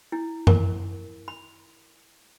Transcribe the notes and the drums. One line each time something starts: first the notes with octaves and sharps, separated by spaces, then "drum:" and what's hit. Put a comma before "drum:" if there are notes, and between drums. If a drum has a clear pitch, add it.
E4
A#4, drum: tom F#2
B5